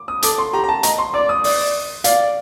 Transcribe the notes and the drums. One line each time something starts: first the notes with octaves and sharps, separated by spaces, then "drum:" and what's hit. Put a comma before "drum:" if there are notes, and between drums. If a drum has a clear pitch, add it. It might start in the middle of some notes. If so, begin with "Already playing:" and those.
Already playing: D6
D#6
A4 D6, drum: hi-hat
C6
G4 A#5
A#5
A5
D#5 A#5, drum: hi-hat
C6
D5 D6
D#6
D5, drum: open hi-hat
D5 F5, drum: hi-hat